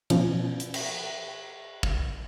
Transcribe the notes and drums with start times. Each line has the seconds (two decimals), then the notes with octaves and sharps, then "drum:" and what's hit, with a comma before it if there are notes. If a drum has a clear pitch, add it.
0.10 B2 F3 C#4, drum: cymbal
0.60 drum: hi-hat
0.74 drum: cymbal
1.83 drum: kick